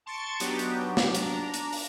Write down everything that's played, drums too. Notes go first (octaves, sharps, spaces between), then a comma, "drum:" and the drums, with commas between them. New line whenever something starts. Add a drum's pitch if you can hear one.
A5 C6 C#6 A6 C#7 D7
F#3 B3 D4 D#4 F#4 G4, drum: hi-hat
drum: hi-hat
drum: snare
D4 A#5, drum: hi-hat
drum: hi-hat
drum: open hi-hat